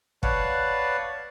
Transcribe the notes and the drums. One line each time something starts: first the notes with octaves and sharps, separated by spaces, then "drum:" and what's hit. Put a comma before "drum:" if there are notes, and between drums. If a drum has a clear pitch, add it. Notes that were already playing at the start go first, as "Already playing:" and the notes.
B4 C#5 D5 F5 F#5 A5, drum: kick